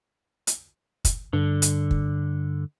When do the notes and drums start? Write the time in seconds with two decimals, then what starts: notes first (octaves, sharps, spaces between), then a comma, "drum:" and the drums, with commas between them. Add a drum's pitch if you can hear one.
0.47 drum: hi-hat
1.05 drum: kick, hi-hat
1.33 G2 D3
1.62 drum: hi-hat
1.91 drum: kick